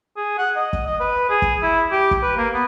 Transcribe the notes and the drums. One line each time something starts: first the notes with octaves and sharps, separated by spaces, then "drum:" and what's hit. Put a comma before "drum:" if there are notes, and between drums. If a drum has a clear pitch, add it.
G#4
F#5
D#5
drum: kick
D#5
B4
G#4
drum: kick
E4
G4
drum: kick
B4
A#3
B3